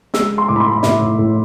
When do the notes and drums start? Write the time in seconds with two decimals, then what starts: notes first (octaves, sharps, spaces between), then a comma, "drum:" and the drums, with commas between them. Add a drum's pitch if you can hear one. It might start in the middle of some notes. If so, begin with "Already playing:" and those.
0.14 G#3 E6, drum: snare
0.31 G#3
0.38 C6
0.48 A2 D6
0.56 B5
0.60 C6
0.66 A2
0.72 B5
0.83 A2 E5, drum: snare
1.01 A2
1.18 A2